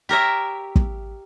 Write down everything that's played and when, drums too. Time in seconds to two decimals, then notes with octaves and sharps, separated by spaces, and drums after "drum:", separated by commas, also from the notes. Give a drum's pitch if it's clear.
0.09 G4 A#4 C#5 E5
0.76 drum: kick